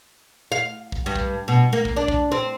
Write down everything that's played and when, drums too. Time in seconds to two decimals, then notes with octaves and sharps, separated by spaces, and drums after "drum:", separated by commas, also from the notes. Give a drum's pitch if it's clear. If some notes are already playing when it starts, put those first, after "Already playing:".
0.52 F5
0.92 drum: kick
1.06 G2
1.16 drum: kick
1.48 B2
1.73 A#3
1.85 drum: kick
1.96 D4
2.08 drum: kick
2.32 C4